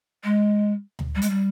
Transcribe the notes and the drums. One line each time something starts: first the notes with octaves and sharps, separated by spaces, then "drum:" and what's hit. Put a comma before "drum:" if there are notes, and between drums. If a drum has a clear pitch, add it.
G#3
drum: tom D2
G3
G#3, drum: hi-hat
G3